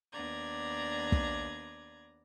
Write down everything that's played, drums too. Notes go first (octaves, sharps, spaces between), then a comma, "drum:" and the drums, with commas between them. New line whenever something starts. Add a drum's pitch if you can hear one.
D#2 B3 D4 D5 A#5 G#6
drum: kick